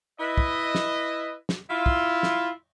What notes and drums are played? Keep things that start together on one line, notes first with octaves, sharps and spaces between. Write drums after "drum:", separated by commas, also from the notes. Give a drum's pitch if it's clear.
E4 B4 D#5
drum: kick
drum: snare
drum: snare
E4 F4
drum: kick
drum: snare